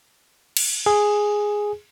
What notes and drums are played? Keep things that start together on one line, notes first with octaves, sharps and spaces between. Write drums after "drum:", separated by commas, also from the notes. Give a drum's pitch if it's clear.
drum: cymbal
G#4